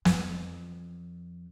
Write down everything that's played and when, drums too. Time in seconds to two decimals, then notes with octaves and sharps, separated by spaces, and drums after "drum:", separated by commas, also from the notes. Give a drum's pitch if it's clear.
0.05 F#2, drum: snare
0.10 F2